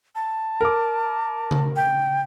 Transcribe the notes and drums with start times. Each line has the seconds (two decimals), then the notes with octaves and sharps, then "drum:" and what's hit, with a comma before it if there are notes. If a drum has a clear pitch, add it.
0.15 A5
0.61 A#4 D6
1.51 drum: tom C#3
1.76 G5